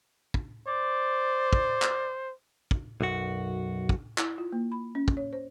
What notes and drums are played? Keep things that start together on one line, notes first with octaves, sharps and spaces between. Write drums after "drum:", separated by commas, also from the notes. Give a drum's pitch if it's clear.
drum: kick
C5 D5
drum: kick
drum: clap
drum: kick
B1 F#2 F#4
drum: kick
E4, drum: clap
F4
A#3
B5
C#4
drum: kick
C#5
C5